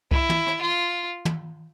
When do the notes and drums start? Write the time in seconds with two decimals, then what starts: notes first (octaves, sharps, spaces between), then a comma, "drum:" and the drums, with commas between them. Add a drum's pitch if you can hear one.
0.11 E4, drum: kick C2
0.30 drum: tom
0.47 drum: rim click
0.62 F4
1.25 drum: tom